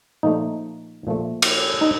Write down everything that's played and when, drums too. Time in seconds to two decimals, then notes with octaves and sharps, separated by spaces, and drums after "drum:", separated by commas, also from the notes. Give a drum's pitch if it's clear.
0.23 A#2 F3 A3 D#4
1.07 A#2 F3 A3
1.42 drum: cymbal
1.81 D#4